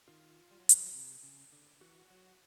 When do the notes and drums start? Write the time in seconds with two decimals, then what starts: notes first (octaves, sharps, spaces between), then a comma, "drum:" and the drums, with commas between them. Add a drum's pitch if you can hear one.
0.08 D#3 F4
0.51 G3
0.60 F#3
0.69 F3, drum: hi-hat
0.77 F#3
0.95 C3
1.23 C#3
1.52 D3
1.81 E3 F#4
2.10 F#3